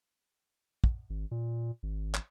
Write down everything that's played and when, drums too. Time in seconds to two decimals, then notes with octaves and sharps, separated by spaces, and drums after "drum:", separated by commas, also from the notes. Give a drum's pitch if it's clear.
0.84 drum: kick
1.10 G#1
1.31 A#2
1.83 G#1
2.14 drum: clap